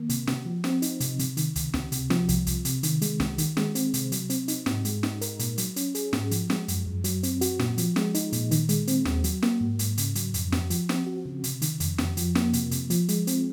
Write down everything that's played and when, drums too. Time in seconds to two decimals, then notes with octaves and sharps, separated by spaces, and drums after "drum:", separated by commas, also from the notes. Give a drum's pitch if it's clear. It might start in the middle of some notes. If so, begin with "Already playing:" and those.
Already playing: D#3 A#3
0.09 C3, drum: hi-hat
0.27 C3, drum: snare
0.45 F3
0.64 C4, drum: snare
0.82 D#4, drum: hi-hat
1.00 C3, drum: hi-hat
1.19 C3, drum: hi-hat
1.37 D#3, drum: hi-hat
1.56 C#2, drum: hi-hat
1.74 C#2, drum: snare
1.92 C3, drum: hi-hat
2.10 F3, drum: snare
2.29 C2, drum: hi-hat
2.47 C2, drum: hi-hat
2.65 C3, drum: hi-hat
2.83 D#3, drum: hi-hat
3.02 G#3, drum: hi-hat
3.20 C2, drum: snare
3.38 D#3, drum: hi-hat
3.57 G#3, drum: snare
3.75 C4, drum: hi-hat
3.94 C3, drum: hi-hat
4.12 F#3, drum: hi-hat
4.30 C4, drum: hi-hat
4.48 D#4, drum: hi-hat
4.66 G#2, drum: snare
4.85 G#3, drum: hi-hat
5.03 D#4, drum: snare
5.21 A#4, drum: hi-hat
5.39 A#2, drum: hi-hat
5.58 F#3, drum: hi-hat
5.76 C#4, drum: hi-hat
5.95 G#4, drum: hi-hat
6.13 G#2, drum: snare
6.31 F3, drum: hi-hat
6.50 G#3, drum: snare
6.68 F#2, drum: hi-hat
6.86 F#2
7.04 F#3, drum: hi-hat
7.23 C4, drum: hi-hat
7.41 F#4, drum: hi-hat
7.59 A#2, drum: snare
7.78 F3, drum: hi-hat
7.96 G#3, drum: snare
8.14 D#4, drum: hi-hat
8.33 A#2, drum: hi-hat
8.51 D#3, drum: hi-hat
8.69 G#3, drum: hi-hat
8.87 C4, drum: hi-hat
9.05 D#2, drum: snare
9.24 F#3, drum: hi-hat
9.42 A#3, drum: snare
9.61 G#2
9.79 G#2, drum: hi-hat
9.98 C#3, drum: hi-hat
10.15 F#3, drum: hi-hat
10.34 F2, drum: hi-hat
10.52 F2, drum: snare
10.70 F3, drum: hi-hat
10.89 C4, drum: snare
11.07 F#4
11.26 C#3
11.44 C3, drum: hi-hat
11.62 D#3, drum: hi-hat
11.80 F2, drum: hi-hat
11.98 F2, drum: snare
12.17 F3, drum: hi-hat
12.35 A#3, drum: snare
12.53 C3, drum: hi-hat
12.71 C3, drum: hi-hat
12.90 F3, drum: hi-hat
13.08 G#3, drum: hi-hat
13.27 C4, drum: hi-hat